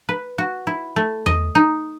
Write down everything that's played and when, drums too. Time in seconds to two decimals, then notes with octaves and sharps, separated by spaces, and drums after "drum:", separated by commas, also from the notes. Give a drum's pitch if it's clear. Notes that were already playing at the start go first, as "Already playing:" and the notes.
0.09 B4
0.38 F#4
0.67 E4
0.96 A3
1.26 D#5, drum: tom E2
1.55 D#4